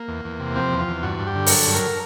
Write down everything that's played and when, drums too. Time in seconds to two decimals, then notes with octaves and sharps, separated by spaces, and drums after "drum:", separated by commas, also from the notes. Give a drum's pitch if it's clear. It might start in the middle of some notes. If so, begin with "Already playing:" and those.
Already playing: A#3
0.08 E2
0.25 E2
0.40 C3
0.56 F3 C4
0.72 E2
0.80 F4
0.88 E2
1.03 G2 F#4
1.19 G2
1.27 G4
1.35 D3
1.46 A#4, drum: open hi-hat
1.51 F#3 A4
1.67 G2
1.74 A#4